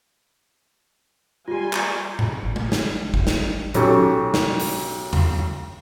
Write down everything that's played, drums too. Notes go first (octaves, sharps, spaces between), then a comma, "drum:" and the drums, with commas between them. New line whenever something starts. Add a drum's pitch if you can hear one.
G3 F4 G4 G#5 C6
drum: clap
drum: tom A2
A1
drum: tom
drum: snare
drum: kick
drum: snare
B1 C#4 G4 A4 G5 C#6, drum: hi-hat
drum: snare
drum: open hi-hat
drum: tom